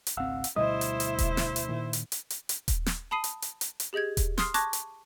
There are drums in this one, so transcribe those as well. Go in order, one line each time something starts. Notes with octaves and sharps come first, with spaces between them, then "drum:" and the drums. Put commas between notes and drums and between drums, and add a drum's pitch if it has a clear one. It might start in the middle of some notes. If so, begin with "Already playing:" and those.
drum: hi-hat
G#1 C#2 C4 F5 F#5 E6
drum: hi-hat
D2 B2 G3 E4 C5 D#5 D#6
drum: hi-hat
drum: hi-hat
drum: kick D#1, hi-hat
drum: snare
drum: hi-hat
A#2 D#3
drum: hi-hat
drum: hi-hat
drum: hi-hat
drum: hi-hat
drum: kick D#1, hi-hat
drum: snare
A5 B5 D#6 C7 D#7
drum: hi-hat
drum: hi-hat
drum: hi-hat
drum: hi-hat
G4 G#4 D#5 G6 G#6
drum: kick D#1, hi-hat
C6 D#6 F6 C7, drum: snare
A5 C#6 D6 F#6 G#6 A#6, drum: hi-hat
drum: hi-hat